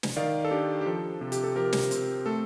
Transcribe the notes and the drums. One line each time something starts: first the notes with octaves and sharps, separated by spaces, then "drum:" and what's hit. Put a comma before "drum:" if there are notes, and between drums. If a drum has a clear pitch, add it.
drum: snare
D#3 D5 F5
A4
D4 G4
G4
F3 A4
C3
G4, drum: hi-hat
A4
F3 G4 A#4
drum: snare
C4, drum: hi-hat
A3 A4